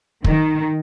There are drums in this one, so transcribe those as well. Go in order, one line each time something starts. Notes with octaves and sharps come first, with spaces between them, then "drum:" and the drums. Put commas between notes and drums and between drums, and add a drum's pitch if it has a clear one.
D#3, drum: kick